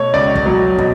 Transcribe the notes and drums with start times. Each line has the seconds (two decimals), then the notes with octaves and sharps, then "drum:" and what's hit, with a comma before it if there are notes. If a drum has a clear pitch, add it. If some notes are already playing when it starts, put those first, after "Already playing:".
Already playing: B2 A3 C#5
0.13 C#2 D5
0.35 drum: kick
0.46 F#3
0.78 B2, drum: kick